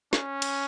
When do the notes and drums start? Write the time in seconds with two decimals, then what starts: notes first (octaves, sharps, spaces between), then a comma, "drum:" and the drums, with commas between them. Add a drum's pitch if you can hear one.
0.13 C#4, drum: snare
0.42 drum: cymbal